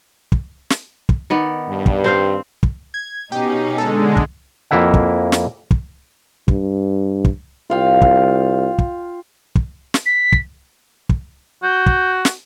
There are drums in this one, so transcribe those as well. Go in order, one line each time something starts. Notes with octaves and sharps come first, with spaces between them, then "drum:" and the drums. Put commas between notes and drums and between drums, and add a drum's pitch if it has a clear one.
drum: kick
drum: snare
drum: kick
D#3 B3 D5
G2
drum: kick
C4 C5 F5
drum: kick
G#6
B2 C#4 D#4 G4
D3 G#3 A4
drum: kick
F2 A#3 E4 E5 F#5
drum: kick
drum: snare
drum: kick
G2, drum: kick
drum: kick
C2 F4 F5 G5
drum: kick
drum: kick
drum: kick
drum: snare
B6
drum: kick
drum: kick
F#4 G6
drum: kick
drum: snare